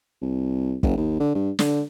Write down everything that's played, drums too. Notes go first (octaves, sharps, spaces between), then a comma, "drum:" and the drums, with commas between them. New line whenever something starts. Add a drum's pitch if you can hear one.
C2
F#1, drum: kick
D#2
D3
G2
D3, drum: snare